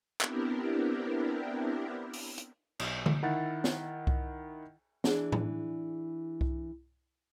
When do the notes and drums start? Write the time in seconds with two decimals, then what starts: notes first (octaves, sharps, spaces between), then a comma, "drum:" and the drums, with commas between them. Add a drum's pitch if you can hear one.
0.21 B3 C4 D4 E4 G4 A#4, drum: clap
2.13 drum: open hi-hat
2.38 drum: hi-hat
2.79 B1, drum: cymbal
3.06 drum: tom D3
3.23 D#3 E4 F#5 A6
3.64 drum: snare
4.07 drum: kick C2
5.04 E3 D4 G#4, drum: snare
5.32 drum: tom A2
6.41 drum: kick C2